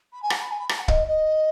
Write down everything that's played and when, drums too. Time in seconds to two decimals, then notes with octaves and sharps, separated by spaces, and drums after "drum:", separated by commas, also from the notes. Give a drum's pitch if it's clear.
0.13 B5
0.22 G#5
0.30 F#5, drum: rim click
0.40 B5
0.50 G#5
0.59 B5
0.69 B5, drum: rim click
0.79 F#5
0.88 D#5, drum: kick
1.07 D#5